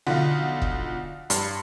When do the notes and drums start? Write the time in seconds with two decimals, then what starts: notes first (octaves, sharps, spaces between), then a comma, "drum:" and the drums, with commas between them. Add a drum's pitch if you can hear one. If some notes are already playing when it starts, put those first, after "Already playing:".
0.07 B1 D3 F3 F5 F#5
0.62 drum: kick
1.30 G2 C6, drum: hi-hat